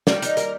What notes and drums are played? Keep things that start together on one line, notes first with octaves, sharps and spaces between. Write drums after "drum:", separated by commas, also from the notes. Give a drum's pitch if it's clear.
D#3 G3 A#3 D5, drum: snare
D#4, drum: hi-hat
A#4, drum: hi-hat